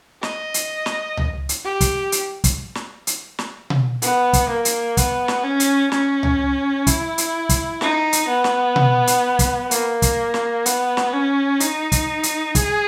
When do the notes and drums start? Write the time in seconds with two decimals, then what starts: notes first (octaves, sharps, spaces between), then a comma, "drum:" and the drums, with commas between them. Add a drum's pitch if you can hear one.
0.23 D#5, drum: snare
0.54 drum: hi-hat
0.86 drum: snare
1.17 drum: tom C#2
1.49 drum: hi-hat
1.65 G4
1.81 drum: kick, hi-hat
2.12 drum: hi-hat
2.44 drum: kick, hi-hat
2.75 drum: snare
3.07 drum: hi-hat
3.39 drum: snare
3.70 drum: tom B2
4.02 B3, drum: hi-hat
4.33 drum: kick, hi-hat
4.49 A#3
4.65 drum: hi-hat
4.97 B3, drum: kick, hi-hat
5.28 drum: snare
5.44 C#4
5.60 drum: hi-hat
5.92 C#4, drum: snare
6.23 drum: tom C#2
6.87 E4, drum: kick, hi-hat
7.18 drum: hi-hat
7.49 drum: kick, hi-hat
7.81 D#4, drum: snare
8.13 drum: hi-hat
8.28 B3
8.44 drum: snare
8.76 drum: tom B2
9.07 drum: hi-hat
9.39 drum: kick, hi-hat
9.71 A#3, drum: hi-hat
10.02 drum: kick, hi-hat
10.34 drum: snare
10.66 B3, drum: hi-hat
10.97 drum: snare
11.13 C#4
11.60 D#4, drum: hi-hat
11.92 drum: kick, hi-hat
12.23 drum: hi-hat
12.55 G#4, drum: kick, hi-hat